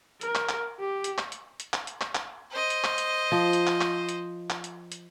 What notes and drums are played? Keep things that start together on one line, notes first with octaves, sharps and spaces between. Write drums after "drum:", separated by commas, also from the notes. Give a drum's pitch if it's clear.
A#4, drum: hi-hat
drum: clap
drum: clap
G4
drum: hi-hat
drum: clap
drum: hi-hat
drum: hi-hat
drum: clap
drum: hi-hat
drum: clap
drum: clap
C5 D#5
drum: hi-hat
drum: clap
drum: hi-hat
F3
drum: hi-hat
drum: clap
drum: clap
drum: hi-hat
drum: clap
drum: hi-hat
drum: hi-hat